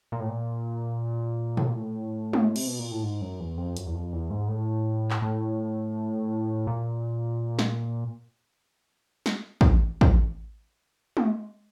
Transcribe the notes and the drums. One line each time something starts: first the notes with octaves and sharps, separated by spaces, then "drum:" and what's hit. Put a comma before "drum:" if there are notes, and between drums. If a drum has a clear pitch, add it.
A#2
A2
A#2
A2, drum: tom A#2
A#2
A2
drum: tom G#3
C3, drum: cymbal
B2
A#2
A2
G#2
F#2
E2
F2
F#2, drum: hi-hat
E2
F2
E2
G#2
A2
drum: clap
A2
A#2
drum: snare
drum: snare
drum: kick
drum: kick
drum: tom G#3